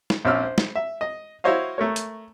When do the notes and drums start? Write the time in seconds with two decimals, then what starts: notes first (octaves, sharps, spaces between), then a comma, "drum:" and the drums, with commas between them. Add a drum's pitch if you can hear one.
0.10 drum: snare
0.25 A#1 C4 C#4 E6 F6
0.43 C5
0.58 drum: snare
0.76 E5
1.01 D#5
1.44 E4 F#4 C5 C#5 D#5 F5
1.78 A3 A#4 C#5
1.96 drum: hi-hat